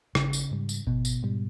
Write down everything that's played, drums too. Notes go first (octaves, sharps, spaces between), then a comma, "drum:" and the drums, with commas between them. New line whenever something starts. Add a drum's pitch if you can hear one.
G#1 C#3, drum: rim click
drum: tambourine
G#2 G3
drum: tambourine
G#1 B2
drum: tambourine
G#2 G3